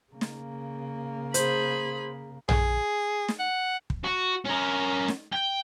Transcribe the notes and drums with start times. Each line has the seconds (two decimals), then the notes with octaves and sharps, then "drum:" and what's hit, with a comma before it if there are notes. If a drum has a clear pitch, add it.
0.12 C#3 A#3
0.21 drum: snare
1.34 G#4 C5 B5, drum: hi-hat
2.49 G#4, drum: tom A#1
3.28 drum: snare
3.39 F#5
3.90 drum: kick
4.04 F#4
4.45 C#4 A#4
5.08 drum: snare
5.33 G5